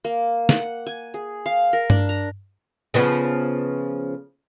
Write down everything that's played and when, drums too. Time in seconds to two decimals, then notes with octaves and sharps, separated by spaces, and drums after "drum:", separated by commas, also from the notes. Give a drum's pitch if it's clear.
0.04 A#3
0.49 F#5, drum: snare
0.86 G#5
1.14 G#4
1.46 F5
1.73 A#4
1.90 D4, drum: tom G2
2.09 A#5
2.94 C#3 F3 B3